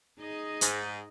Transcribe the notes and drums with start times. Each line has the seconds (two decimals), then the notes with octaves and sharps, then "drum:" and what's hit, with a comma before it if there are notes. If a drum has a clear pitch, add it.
0.19 D#4 G#4 D#5
0.61 G#2, drum: hi-hat